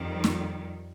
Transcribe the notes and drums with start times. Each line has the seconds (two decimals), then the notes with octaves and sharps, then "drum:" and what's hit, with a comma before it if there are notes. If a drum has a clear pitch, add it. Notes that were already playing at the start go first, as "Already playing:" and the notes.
Already playing: F2 D#3 G3
0.24 drum: snare